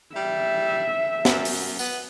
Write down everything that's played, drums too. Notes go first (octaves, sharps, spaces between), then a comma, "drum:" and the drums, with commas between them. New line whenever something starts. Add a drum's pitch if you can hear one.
G3 E5
F#2, drum: snare
drum: open hi-hat
B3, drum: tambourine